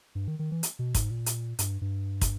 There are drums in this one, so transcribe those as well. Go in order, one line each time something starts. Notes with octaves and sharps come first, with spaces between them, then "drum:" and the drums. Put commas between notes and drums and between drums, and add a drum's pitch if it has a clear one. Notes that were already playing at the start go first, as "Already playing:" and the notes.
G2
D#3
D#3
E3
drum: hi-hat
B2
G#2, drum: kick, hi-hat
A#2
drum: hi-hat
G2, drum: hi-hat
G2
drum: kick, hi-hat